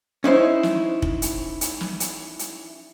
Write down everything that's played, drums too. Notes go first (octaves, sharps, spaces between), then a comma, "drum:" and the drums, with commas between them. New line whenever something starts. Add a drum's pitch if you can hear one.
C#4 D#4 E4 C5
drum: snare
drum: kick
drum: hi-hat
drum: hi-hat
drum: snare
drum: hi-hat
drum: hi-hat